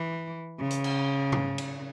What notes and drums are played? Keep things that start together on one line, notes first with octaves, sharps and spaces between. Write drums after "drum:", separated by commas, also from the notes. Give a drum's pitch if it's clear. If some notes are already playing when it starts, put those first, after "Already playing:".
Already playing: E3
C#3
drum: hi-hat
drum: cymbal
drum: tom G#2
drum: cymbal